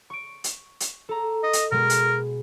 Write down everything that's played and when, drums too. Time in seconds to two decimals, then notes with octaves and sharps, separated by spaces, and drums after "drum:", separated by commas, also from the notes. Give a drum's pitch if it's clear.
0.10 C#6 D7
0.44 drum: hi-hat
0.80 drum: hi-hat
1.09 A4 A#5
1.43 D#5
1.53 drum: hi-hat
1.71 B2 G#3 A#4
1.90 drum: hi-hat